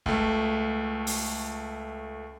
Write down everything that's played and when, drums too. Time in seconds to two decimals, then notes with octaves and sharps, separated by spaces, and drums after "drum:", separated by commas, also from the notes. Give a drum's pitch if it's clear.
0.06 C#2 A3, drum: kick
1.07 drum: open hi-hat